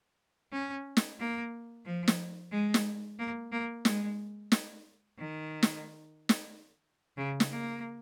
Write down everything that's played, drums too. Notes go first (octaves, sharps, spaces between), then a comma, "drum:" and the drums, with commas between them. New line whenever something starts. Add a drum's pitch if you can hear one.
C#4
drum: snare
A#3
F3
drum: snare
G#3
drum: snare
A#3
A#3
G#3, drum: snare
drum: snare
D#3
drum: snare
drum: snare
C#3
drum: snare
A#3